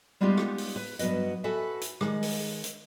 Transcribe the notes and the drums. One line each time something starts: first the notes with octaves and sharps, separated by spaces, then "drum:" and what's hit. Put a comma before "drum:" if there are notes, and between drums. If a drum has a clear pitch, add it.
G3 G#3 B3 D#4 F4 G4
drum: rim click
drum: open hi-hat
B4
G2 F#3 B3 B4 D#5, drum: hi-hat
F#4 A4 B4 E5 G#5
drum: hi-hat
D#3 G#3, drum: rim click
drum: open hi-hat
drum: hi-hat